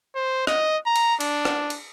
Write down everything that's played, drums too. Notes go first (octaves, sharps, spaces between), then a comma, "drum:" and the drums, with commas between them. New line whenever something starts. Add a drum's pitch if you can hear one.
C5
D#5, drum: rim click
A#5
drum: cymbal
D4, drum: cymbal
drum: rim click
drum: cymbal